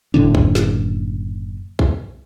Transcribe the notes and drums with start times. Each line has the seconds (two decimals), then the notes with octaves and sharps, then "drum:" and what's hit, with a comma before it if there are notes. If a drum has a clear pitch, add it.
0.14 F#1 A2 D3 D4
0.35 drum: kick
0.55 drum: snare
1.79 drum: kick